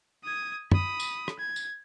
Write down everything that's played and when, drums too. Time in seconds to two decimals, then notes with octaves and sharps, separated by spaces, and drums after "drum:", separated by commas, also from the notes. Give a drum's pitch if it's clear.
0.24 D#6 G#6
0.71 B5 D#6, drum: tom
1.00 drum: tambourine
1.28 drum: rim click
1.39 G#6
1.56 drum: tambourine